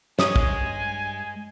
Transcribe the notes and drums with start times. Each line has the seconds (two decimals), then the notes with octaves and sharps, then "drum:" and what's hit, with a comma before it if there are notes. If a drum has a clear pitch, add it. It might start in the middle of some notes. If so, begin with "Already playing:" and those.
0.19 G2 G#3 C#5 D#5 G#5 D#6, drum: snare
0.36 drum: kick